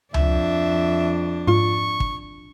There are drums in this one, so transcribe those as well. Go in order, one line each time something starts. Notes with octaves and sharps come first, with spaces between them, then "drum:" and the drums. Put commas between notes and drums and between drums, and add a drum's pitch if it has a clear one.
F2 D4 E5, drum: tom C#2
G#2 F4 C#6
drum: kick